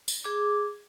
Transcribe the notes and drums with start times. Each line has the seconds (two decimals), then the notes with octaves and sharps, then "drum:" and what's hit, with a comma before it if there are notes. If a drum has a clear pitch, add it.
0.08 drum: tambourine
0.24 G#4 D6